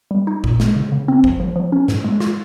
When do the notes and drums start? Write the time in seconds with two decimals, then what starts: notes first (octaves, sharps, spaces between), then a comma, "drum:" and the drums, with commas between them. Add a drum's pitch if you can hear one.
0.11 G3
0.27 D#4
0.44 A#2, drum: kick
0.60 G#3, drum: snare
0.76 C#3
0.92 C#3
1.08 C4
1.24 F3, drum: kick
1.40 F3
1.56 F3
1.72 C#4
1.88 G#2, drum: snare
2.04 G#3
2.20 F4, drum: snare